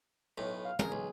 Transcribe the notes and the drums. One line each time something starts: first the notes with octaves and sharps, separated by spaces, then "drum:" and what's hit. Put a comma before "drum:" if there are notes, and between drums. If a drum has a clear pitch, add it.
B1 A2
F5
G#4 A#4, drum: tom
B1